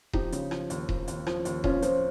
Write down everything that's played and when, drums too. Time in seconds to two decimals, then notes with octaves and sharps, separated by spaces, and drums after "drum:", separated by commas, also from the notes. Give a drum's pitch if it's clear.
0.13 F3 D#4 G4, drum: kick D#1
0.32 C#3, drum: hi-hat
0.51 F3, drum: rim click
0.70 D#2, drum: hi-hat
0.89 F3, drum: kick D#1
1.08 D#2, drum: hi-hat
1.27 F3, drum: rim click
1.45 D#2, drum: hi-hat
1.64 F3 C#4 F4, drum: kick D#1
1.82 F3 C4, drum: hi-hat